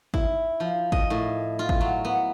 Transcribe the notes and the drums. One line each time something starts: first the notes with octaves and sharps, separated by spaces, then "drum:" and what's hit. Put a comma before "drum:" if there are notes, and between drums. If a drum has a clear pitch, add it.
E4, drum: kick
F3
D#5, drum: kick
A2
F4
drum: kick
F#3
B3